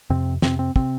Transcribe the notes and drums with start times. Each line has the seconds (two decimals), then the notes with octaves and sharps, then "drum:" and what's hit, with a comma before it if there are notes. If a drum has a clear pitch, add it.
0.10 F2 C3 C4
0.42 F2 C3 C4, drum: snare
0.59 C4
0.76 C3 C4, drum: kick